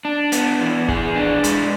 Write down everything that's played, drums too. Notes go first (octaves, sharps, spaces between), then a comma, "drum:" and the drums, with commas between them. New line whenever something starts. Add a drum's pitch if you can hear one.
D4
B3, drum: hi-hat
E3
G#4, drum: kick
D4
G#3, drum: hi-hat